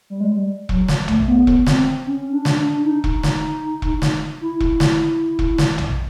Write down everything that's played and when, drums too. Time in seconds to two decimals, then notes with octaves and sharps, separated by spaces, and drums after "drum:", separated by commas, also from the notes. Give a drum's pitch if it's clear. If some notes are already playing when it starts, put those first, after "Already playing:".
0.10 G3
0.21 G#3
0.31 G3
0.69 F#3, drum: kick E1
0.88 drum: snare
1.08 A3, drum: tom A#1
1.28 B3
1.47 drum: kick E1
1.67 C4, drum: snare
2.06 C#4
2.32 D4
2.45 drum: snare
2.58 D4
2.85 D#4
3.04 drum: kick E1
3.23 drum: snare
3.82 drum: kick E1
4.02 drum: snare
4.41 E4
4.60 drum: kick E1
4.80 drum: snare
5.39 drum: kick E1
5.58 drum: snare
5.78 drum: tom A#1